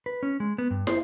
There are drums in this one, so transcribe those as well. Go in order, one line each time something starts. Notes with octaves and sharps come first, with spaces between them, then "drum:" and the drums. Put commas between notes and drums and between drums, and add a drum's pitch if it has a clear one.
B4
C#4
G#3
B3
G2
C5, drum: snare